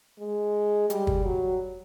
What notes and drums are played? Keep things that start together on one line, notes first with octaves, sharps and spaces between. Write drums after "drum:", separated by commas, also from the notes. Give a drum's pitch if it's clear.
G#3
G3, drum: hi-hat
drum: kick
F#3